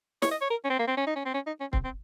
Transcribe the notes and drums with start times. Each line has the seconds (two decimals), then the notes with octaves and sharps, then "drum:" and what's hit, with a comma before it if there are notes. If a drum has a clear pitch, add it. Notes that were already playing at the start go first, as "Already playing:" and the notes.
0.22 C#5, drum: snare
0.31 D#5
0.41 C#5
0.50 A#4
0.65 C#4
0.70 C4
0.79 A#3
0.87 C4
0.97 C#4
1.07 D#4
1.16 C#4
1.25 C4
1.34 C#4
1.47 D#4
1.60 C#4
1.73 C4, drum: kick C#1
1.84 C4